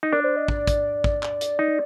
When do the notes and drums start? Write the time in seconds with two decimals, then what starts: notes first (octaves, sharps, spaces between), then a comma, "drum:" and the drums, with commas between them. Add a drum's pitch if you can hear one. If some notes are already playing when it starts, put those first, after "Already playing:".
0.03 D#4
0.12 D4 A#4
0.20 D5
0.24 C5
0.36 D#5
0.48 D5, drum: kick
0.67 drum: kick, hi-hat
1.04 drum: kick
1.23 D5, drum: clap
1.41 drum: hi-hat
1.59 D#4